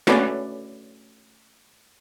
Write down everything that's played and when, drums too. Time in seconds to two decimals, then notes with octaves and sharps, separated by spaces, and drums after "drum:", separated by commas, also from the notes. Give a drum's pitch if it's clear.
0.07 A3 C#4 F#4 B4 D5, drum: snare